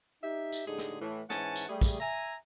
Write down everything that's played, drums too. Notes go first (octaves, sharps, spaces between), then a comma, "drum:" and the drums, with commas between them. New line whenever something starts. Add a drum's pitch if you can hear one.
D#4 G4 E5
drum: tambourine
A2 D3 G#3 D#4 G4 G#4
drum: rim click
A2 E3
G#2 E3 C#4 F#5 G#5 A5, drum: rim click
drum: tambourine
G3 A3 G#4
drum: kick, tambourine
E5 G#5 A#5